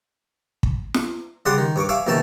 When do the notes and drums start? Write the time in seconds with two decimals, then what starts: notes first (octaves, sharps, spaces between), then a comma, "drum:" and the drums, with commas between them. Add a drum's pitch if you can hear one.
0.63 drum: kick
0.95 drum: snare
1.46 C#3 G3 D5 F#5 C6 D#6
1.58 D#3
1.76 G2 C#5 C#6 D6
1.89 C#5 E5 F5 G#5 D6
2.07 A#1 B2 D#3 C#4 E5 A5